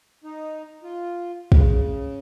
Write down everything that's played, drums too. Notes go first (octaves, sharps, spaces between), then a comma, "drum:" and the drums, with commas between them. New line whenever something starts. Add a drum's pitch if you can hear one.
D#4
F4
C#3, drum: kick